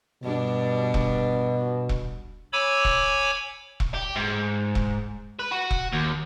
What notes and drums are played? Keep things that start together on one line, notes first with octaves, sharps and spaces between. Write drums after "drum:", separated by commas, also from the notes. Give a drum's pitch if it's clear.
G2 B2 D4
drum: kick E1
drum: kick E1
C#5 G#5 B5 D6 E6
drum: kick E1
drum: kick E1
G4
G#2
drum: kick E1
B4
F#4
drum: kick E1
D#2